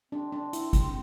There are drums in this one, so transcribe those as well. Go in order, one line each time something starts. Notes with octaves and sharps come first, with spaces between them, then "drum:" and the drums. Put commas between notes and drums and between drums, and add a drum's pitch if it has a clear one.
C4 D4
D4
E4, drum: hi-hat
drum: kick, hi-hat